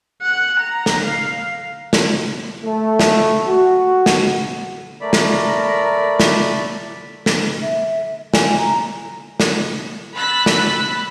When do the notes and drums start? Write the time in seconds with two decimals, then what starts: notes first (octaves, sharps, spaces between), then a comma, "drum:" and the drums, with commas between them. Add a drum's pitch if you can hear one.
0.22 F#5
0.60 A#5
0.86 drum: snare
1.05 F5
1.93 drum: snare
2.64 A3
3.00 drum: snare
3.47 F#4
4.06 drum: snare
5.01 A3 A#4 D5 B5
5.13 drum: snare
6.20 drum: snare
7.26 drum: snare
7.62 E5
8.34 G#5, drum: snare
8.58 A#5
9.40 drum: snare
10.16 B5 E6 F#6 A6 B6
10.46 drum: snare